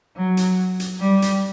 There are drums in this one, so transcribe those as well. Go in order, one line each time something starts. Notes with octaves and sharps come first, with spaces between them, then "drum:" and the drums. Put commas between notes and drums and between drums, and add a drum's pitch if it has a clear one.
F#3
drum: hi-hat
drum: hi-hat
G3
drum: hi-hat